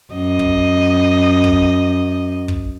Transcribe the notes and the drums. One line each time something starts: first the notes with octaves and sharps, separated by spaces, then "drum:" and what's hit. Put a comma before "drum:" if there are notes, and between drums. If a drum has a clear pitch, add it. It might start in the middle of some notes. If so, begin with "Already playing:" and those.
F#2 D#5
drum: kick
drum: kick
drum: kick